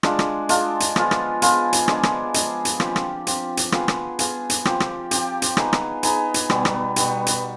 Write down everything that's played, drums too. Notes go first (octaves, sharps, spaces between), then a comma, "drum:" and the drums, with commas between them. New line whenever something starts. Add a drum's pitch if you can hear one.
G#3 D4 F4, drum: rim click
drum: rim click
G#3 D4 F4, drum: hi-hat
drum: hi-hat
F3 B3 F4 G#4, drum: rim click
drum: rim click
F3 B3 F4 G#4, drum: hi-hat
drum: hi-hat
G#3 D4 G#4, drum: rim click
drum: rim click
G#3 D4 G#4, drum: hi-hat
drum: hi-hat
F3 C4 G4, drum: rim click
drum: rim click
F3 C4 G4, drum: hi-hat
drum: hi-hat
B3 F4 G#4, drum: rim click
drum: rim click
B3 F4 G#4, drum: hi-hat
drum: hi-hat
F3 C4 G4, drum: rim click
drum: rim click
F3 C4 G4, drum: hi-hat
drum: hi-hat
B3 D#4 G#4, drum: rim click
drum: rim click
B3 D#4 G#4, drum: hi-hat
drum: hi-hat
B2 G3 B3, drum: rim click
drum: rim click
B2 G3 B3, drum: hi-hat
drum: hi-hat